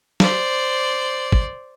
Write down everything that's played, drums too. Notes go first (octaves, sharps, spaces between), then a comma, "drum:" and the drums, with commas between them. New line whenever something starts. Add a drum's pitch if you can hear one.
C5 D5, drum: snare
drum: kick